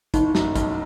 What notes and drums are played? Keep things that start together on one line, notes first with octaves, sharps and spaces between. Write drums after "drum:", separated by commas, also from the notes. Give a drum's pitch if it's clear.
F#1 D#4, drum: kick, hi-hat
F#2, drum: snare
B1, drum: kick, hi-hat